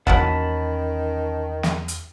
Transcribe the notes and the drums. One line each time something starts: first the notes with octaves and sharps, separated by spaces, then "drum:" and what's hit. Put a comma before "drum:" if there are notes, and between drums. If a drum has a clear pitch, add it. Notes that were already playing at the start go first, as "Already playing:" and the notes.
E2 D#3 F#3 A#3 C#4 F#5 A5 B5, drum: kick
drum: snare
drum: hi-hat